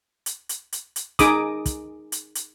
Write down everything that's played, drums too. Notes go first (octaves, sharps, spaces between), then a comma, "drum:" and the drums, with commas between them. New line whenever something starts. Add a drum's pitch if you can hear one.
drum: hi-hat
drum: hi-hat
drum: hi-hat
drum: hi-hat
D#4 G#4 D6 D#6, drum: kick, hi-hat
drum: kick, hi-hat
drum: hi-hat
drum: hi-hat